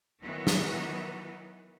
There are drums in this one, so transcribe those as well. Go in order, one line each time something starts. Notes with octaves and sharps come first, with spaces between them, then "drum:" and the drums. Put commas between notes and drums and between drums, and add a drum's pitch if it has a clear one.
D#3 E3 F#3 B3 D#4
drum: snare